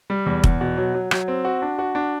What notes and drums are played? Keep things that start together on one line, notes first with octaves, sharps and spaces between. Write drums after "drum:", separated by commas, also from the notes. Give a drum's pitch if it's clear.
G3
E2
E2, drum: kick F1
B2
F#3
F#3
F#3, drum: rim click
C4
F#4
D4
F#4
D4